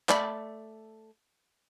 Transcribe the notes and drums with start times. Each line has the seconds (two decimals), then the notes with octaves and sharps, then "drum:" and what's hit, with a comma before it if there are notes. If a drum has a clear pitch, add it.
0.09 A3 D5 B5, drum: clap